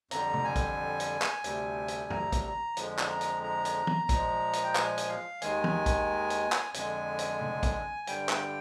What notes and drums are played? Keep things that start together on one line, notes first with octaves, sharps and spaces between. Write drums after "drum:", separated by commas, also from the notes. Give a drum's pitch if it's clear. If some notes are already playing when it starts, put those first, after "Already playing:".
F2 D3 G3 A#5, drum: hi-hat
drum: tom
G#5
drum: kick, hi-hat
drum: hi-hat
drum: clap
D2 C3 G3, drum: hi-hat
drum: hi-hat
A#5, drum: tom E2
drum: kick, hi-hat
A#5
F2 D3 F3 G#3, drum: hi-hat
drum: clap
A#5
drum: hi-hat
A#5
drum: hi-hat
drum: tom
A#2 F3 G#3, drum: kick, hi-hat
drum: hi-hat
G5
G#5, drum: clap
drum: hi-hat
F5
D#2 D#3 G#3 G#5, drum: hi-hat
drum: tom
drum: kick, hi-hat
drum: hi-hat
drum: clap
F2 D3 G#3 G#5, drum: hi-hat
drum: hi-hat
drum: tom
drum: kick, hi-hat
G2 D3 G3 G5, drum: hi-hat
drum: clap